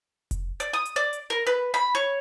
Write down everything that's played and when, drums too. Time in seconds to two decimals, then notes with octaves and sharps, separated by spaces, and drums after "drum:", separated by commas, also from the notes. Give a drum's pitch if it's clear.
0.31 drum: kick F1, hi-hat
0.60 D5, drum: hi-hat
0.73 D#6
0.85 drum: hi-hat
0.96 D5
1.13 drum: hi-hat
1.30 A#4
1.47 B4
1.74 B5
1.95 C#5